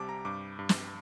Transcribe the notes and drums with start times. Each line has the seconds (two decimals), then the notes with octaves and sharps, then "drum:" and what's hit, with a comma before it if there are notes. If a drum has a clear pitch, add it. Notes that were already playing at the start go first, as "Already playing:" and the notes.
Already playing: C2 C3 G3 A5 D6
0.09 A#5
0.25 G2 D6
0.59 G2
0.69 drum: snare